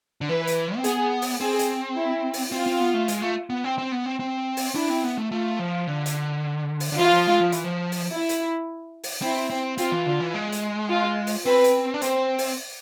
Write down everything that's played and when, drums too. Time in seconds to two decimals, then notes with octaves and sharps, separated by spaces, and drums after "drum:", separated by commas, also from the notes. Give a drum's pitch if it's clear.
0.21 D3
0.29 E3 B4
0.47 drum: hi-hat
0.76 C4
0.84 B3 G#4, drum: hi-hat
1.22 drum: open hi-hat
1.40 C4 G#4
1.59 drum: hi-hat
1.97 E4
2.33 drum: open hi-hat
2.52 C4 F4
2.66 C4
2.80 B3
2.94 A3
3.08 G#3, drum: hi-hat
3.22 A3
3.50 B3
3.64 C4
3.78 C4
3.92 B3
4.06 C4
4.20 C4
4.57 drum: open hi-hat
4.75 D4 E4
4.90 C4
5.03 B3
5.18 A3
5.32 A3 F4
5.59 F3
5.87 D3
6.06 drum: hi-hat
6.80 drum: open hi-hat
6.92 D3
6.98 E3 F4
7.13 F3
7.27 G#3
7.40 F3
7.52 E3, drum: hi-hat
7.64 F3
7.92 drum: open hi-hat
8.11 E4
8.29 drum: hi-hat
9.03 drum: open hi-hat
9.22 C4 E4
9.50 C4
9.78 C4 F4, drum: hi-hat
9.92 E3
10.06 D3
10.20 E3
10.34 G#3
10.52 drum: hi-hat
10.89 F4
11.27 drum: open hi-hat
11.46 C4 B4
11.64 drum: hi-hat
11.94 D4
12.02 C4 C5, drum: hi-hat
12.38 drum: open hi-hat